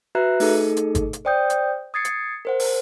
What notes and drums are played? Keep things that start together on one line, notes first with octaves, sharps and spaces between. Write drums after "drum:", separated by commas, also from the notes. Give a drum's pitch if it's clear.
F#4 B4 E5 A#5 F#6
A3 D#4 G#4 A4, drum: open hi-hat
drum: hi-hat
drum: kick G1, hi-hat
drum: hi-hat
C5 D5 G5 D#6 G6
drum: hi-hat
D#6 G#6 A6 C7 C#7
drum: hi-hat
A#4 C5 F#5
drum: open hi-hat